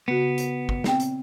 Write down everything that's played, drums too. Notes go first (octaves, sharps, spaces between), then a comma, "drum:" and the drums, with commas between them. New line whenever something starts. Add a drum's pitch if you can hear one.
C#3 B3 F#4
drum: hi-hat
drum: kick
B3 C4 G5, drum: snare
drum: hi-hat